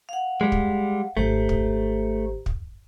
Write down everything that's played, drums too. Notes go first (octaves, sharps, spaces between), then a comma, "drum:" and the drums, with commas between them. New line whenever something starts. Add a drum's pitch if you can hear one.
F5 F#5
G3 G#3
drum: kick
G#1 A3 G4 C5 A#5
drum: kick
drum: kick